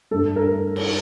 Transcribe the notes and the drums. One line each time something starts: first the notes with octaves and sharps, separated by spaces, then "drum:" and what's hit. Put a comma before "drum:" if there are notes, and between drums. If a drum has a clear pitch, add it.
G2 A4
A#4
drum: cymbal